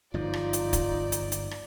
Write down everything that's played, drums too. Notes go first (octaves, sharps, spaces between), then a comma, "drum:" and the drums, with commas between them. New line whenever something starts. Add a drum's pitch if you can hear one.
G1 G#2 F3 D#4 F4 D5
drum: rim click
drum: hi-hat
drum: kick, hi-hat
drum: hi-hat
drum: hi-hat
drum: rim click